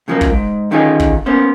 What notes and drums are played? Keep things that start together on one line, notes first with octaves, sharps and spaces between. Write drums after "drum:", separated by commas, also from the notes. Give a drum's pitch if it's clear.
A2 C#3 F3 F#3 A#3
drum: kick
G#2
D3 D#3 C#4 D#4 F4 G#4
drum: kick
A#3 B3 C#4 C5